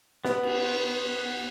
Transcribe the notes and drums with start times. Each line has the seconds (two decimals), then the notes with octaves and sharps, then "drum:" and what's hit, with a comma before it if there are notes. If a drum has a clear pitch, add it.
0.25 B3, drum: snare
0.43 drum: cymbal